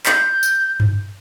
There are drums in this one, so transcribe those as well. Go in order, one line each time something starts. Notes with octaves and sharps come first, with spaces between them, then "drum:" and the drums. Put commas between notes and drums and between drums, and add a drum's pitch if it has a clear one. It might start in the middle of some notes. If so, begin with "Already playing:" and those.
G6, drum: clap
drum: tambourine
drum: tom G2